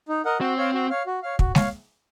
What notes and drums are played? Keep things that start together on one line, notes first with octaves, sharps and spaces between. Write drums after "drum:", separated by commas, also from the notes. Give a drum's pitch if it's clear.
D#4
A#4 D#5 F#5
C4 F#4
C#5 F5
F#4
C#5 F5
F#4
C#5 F5
F#4, drum: kick
C#5 F5, drum: snare G#3